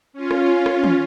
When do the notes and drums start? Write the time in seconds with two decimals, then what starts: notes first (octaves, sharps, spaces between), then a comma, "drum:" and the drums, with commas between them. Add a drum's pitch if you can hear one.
0.13 C#4 F4
0.31 drum: rim click
0.66 drum: rim click
0.84 drum: tom